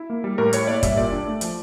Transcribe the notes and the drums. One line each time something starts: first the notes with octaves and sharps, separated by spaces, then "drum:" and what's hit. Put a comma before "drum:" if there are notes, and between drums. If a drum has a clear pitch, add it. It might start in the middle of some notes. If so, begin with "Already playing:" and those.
Already playing: E4
A#3
G3
A2 A#4
E4 C#5, drum: hi-hat
A#3 D5
G3 E5, drum: kick, hi-hat
A#2 D5
D4
A3
F3, drum: hi-hat